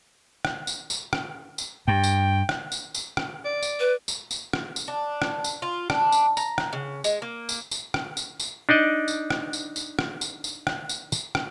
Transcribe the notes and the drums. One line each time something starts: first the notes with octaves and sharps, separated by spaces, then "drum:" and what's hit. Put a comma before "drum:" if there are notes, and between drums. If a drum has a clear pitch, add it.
drum: rim click
drum: tambourine
drum: tambourine
drum: rim click
drum: tambourine
G2 G5
drum: tambourine
drum: rim click
drum: tambourine
drum: tambourine
drum: rim click
D5
drum: tambourine
B4
drum: tambourine
drum: tambourine
drum: rim click
drum: tambourine
D4
drum: rim click
drum: tambourine
F4
D4, drum: rim click
drum: tambourine
A#5, drum: tambourine
drum: rim click
C#3
G#3, drum: tambourine
A#3
drum: tambourine
drum: tambourine
drum: rim click
drum: tambourine
drum: tambourine
D4 D#4 D5 D#5
drum: tambourine
drum: rim click
drum: tambourine
drum: tambourine
drum: rim click
drum: tambourine
drum: tambourine
drum: rim click
drum: tambourine
drum: tambourine
drum: rim click